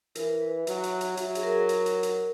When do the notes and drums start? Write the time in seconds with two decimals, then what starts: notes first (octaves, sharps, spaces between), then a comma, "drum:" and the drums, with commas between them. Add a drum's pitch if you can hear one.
0.15 E3 A#4, drum: hi-hat
0.41 B4
0.67 F#3 E5, drum: hi-hat
0.83 E5, drum: hi-hat
1.01 F#5, drum: hi-hat
1.17 F#3 E5, drum: hi-hat
1.35 G#4, drum: hi-hat
1.43 A#4
1.69 drum: hi-hat
1.86 drum: hi-hat
2.03 drum: hi-hat